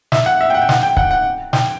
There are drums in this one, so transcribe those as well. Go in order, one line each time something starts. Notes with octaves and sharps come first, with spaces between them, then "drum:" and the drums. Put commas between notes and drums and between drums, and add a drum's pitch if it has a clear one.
E5, drum: snare
F#5
E5
G5
F#5
G5
F#5, drum: snare
G5
F#5, drum: kick C#1
F#5
G5, drum: snare